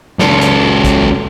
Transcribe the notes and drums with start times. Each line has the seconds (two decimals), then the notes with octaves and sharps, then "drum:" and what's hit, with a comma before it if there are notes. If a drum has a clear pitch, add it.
0.20 C#2 A4, drum: snare
0.41 drum: hi-hat
0.84 drum: kick, hi-hat